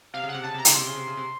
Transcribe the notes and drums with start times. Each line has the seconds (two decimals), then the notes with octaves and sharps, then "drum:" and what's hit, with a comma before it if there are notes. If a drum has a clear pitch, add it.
0.14 C3 F5
0.24 C#3
0.29 F#5
0.34 C3
0.43 C#3 A5
0.54 C3 A#5
0.65 C#3, drum: hi-hat
0.74 C3 C6
0.86 C#3
0.96 C3
1.07 C#3
1.17 C3